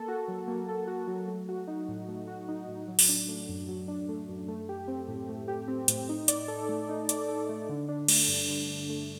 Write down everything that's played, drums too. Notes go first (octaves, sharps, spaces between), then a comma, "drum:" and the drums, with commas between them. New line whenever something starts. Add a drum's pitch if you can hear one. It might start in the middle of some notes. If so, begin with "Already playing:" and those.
Already playing: A#3 A4
F#4
F#3
A#3
A4
F#4
F#3
A3
F#4
D#4
A2
A3
F#4
D#4
A2
F#3
drum: open hi-hat
D4
A3
F#2
F#3
D4
A3
F#2
A3
G4
C4
A2
A3
G4
C4
A2, drum: hi-hat
D#4
D5, drum: hi-hat
A4
A3
D#4
D5, drum: hi-hat
A4
A3
D3
D4
A3, drum: cymbal
G2
D3
D4
A3